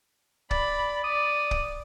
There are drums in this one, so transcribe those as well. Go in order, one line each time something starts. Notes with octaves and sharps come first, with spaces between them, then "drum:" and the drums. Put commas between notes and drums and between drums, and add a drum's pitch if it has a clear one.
D5 B5, drum: kick
D5 D#6
drum: kick